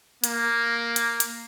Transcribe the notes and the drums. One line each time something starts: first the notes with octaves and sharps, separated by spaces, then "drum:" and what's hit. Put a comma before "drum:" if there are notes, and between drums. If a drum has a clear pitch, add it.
A#3, drum: hi-hat
drum: hi-hat
drum: hi-hat